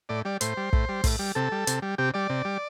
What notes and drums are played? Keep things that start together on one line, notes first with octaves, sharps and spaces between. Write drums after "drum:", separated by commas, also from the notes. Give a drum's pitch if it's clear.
A2 D5
G3 D5
A2 C5, drum: hi-hat
G3
A2, drum: kick
G3
A2, drum: kick, open hi-hat
G3
C3 A4
G3
C3, drum: hi-hat
G3
C3 G4
G3 D5
C3
G3